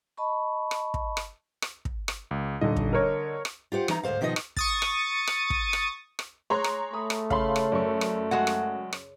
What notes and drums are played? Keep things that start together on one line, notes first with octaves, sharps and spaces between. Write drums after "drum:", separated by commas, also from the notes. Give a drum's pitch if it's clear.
D#5 A5 B5 C#6
drum: rim click
drum: kick
drum: rim click
drum: rim click
drum: kick
drum: rim click
C#2
D#1 D3 D#5
drum: kick
A#4 C#5
drum: rim click
F4 G4 C5 F#5
E3 D#4 A#5, drum: rim click
D2 G#2 F3 C5 F5
B2 D#3 F3 D#4 D#5
drum: rim click
C#6 D#6 A6, drum: kick
drum: rim click
drum: rim click
drum: kick
drum: rim click
drum: rim click
G#4 C#5 A#5 C6 F#6
drum: rim click
A3 B5 D#6
drum: rim click
C#3 F5 A5 B5 C6, drum: kick
drum: rim click
F#2 D5 C#6
drum: rim click
G#3 F#4 F#5
drum: rim click
drum: rim click